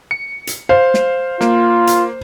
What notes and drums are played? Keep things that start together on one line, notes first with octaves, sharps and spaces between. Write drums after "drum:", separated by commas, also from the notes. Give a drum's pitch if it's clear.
C#7
drum: hi-hat
C5 F5
drum: snare
A#3 F4, drum: snare
drum: hi-hat